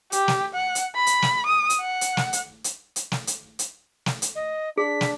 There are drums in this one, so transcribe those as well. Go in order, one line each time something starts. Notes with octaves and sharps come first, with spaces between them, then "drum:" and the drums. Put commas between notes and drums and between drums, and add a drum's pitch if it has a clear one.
G4, drum: hi-hat
drum: snare
F#5
drum: hi-hat
B5
drum: hi-hat
drum: snare
D#6
drum: hi-hat
F#5
drum: hi-hat
drum: snare
drum: hi-hat
drum: hi-hat
drum: hi-hat
drum: snare
drum: hi-hat
drum: hi-hat
drum: snare
drum: hi-hat
D#5
D4 G#4 B6
drum: snare